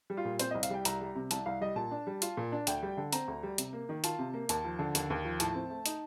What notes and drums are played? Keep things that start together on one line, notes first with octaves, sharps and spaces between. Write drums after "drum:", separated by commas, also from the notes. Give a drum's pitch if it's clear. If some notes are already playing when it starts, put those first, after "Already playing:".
G3
F4
A#2
C4 C5, drum: hi-hat
D#5
C2
F5, drum: hi-hat
G3 G5
C2 A#5, drum: hi-hat
G3
C3
C2 A5, drum: hi-hat
C2 F5
G3 D#5
A#2 A5
D4
G3
F4, drum: hi-hat
A#2
D4
D2 G5, drum: hi-hat
G3
D3
C4 A#5, drum: hi-hat
D2
G3
C3, drum: hi-hat
A#3
D#3
F4 A5, drum: hi-hat
C3
A#3
D#2 A5, drum: hi-hat
F3
D3
D#2, drum: hi-hat
D#2
F3
A2 A5, drum: hi-hat
C4
A3
D#4, drum: hi-hat